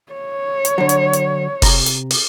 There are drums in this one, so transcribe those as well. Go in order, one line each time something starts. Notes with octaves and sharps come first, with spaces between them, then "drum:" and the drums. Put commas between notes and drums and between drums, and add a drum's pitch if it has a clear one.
C#5
drum: hi-hat
D3 F#3
drum: hi-hat
drum: hi-hat
C3 A#5, drum: kick F1, open hi-hat
drum: hi-hat
drum: open hi-hat